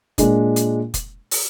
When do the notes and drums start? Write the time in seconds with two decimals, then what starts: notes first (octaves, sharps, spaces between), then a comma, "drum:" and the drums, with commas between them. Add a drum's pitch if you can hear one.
0.18 A#2 G#3 D4, drum: kick F1, hi-hat
0.56 drum: hi-hat
0.94 drum: kick F1, hi-hat
1.31 drum: open hi-hat